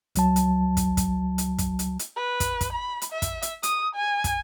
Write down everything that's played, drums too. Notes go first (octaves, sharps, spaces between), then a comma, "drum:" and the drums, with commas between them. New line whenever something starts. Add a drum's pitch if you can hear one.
C#2 F#3 A5, drum: hi-hat
drum: hi-hat
drum: kick, hi-hat
drum: kick, hi-hat
drum: hi-hat
drum: kick, hi-hat
drum: hi-hat
drum: hi-hat
B4
drum: kick, hi-hat
drum: kick, hi-hat
B5
drum: hi-hat
E5
drum: kick, hi-hat
drum: hi-hat
D#6, drum: hi-hat
G#5
drum: kick, hi-hat